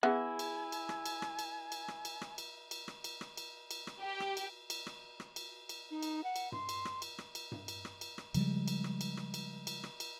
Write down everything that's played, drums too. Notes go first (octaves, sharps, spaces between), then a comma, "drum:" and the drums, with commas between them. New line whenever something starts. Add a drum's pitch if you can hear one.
B3 E4 G#4 E5 G#5
drum: cymbal
drum: cymbal
drum: rim click
drum: cymbal
drum: rim click
drum: cymbal
drum: cymbal
drum: rim click
drum: cymbal
drum: rim click
drum: cymbal
drum: cymbal
drum: rim click
drum: cymbal
drum: rim click
drum: cymbal
drum: cymbal
drum: rim click
G4
drum: rim click
drum: cymbal
drum: cymbal
drum: rim click
drum: rim click
drum: cymbal
drum: cymbal
D#4
drum: cymbal
F#5
drum: cymbal
C6, drum: tom G2
drum: cymbal
drum: rim click
drum: cymbal
drum: rim click
drum: cymbal
drum: tom G2
drum: cymbal
drum: rim click
drum: cymbal
drum: rim click
C#3 F3 G3 G#3, drum: cymbal
drum: cymbal
drum: rim click
drum: cymbal
drum: rim click
drum: cymbal
drum: cymbal
drum: rim click
drum: cymbal